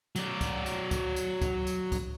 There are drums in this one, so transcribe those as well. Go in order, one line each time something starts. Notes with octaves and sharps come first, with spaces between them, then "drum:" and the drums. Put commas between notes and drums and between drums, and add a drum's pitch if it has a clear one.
F#3 D5, drum: tambourine
drum: kick C#2, tambourine
drum: tambourine
drum: kick C#2, tambourine
drum: tambourine
drum: kick C#2, tambourine
drum: tambourine
drum: kick C#2, tambourine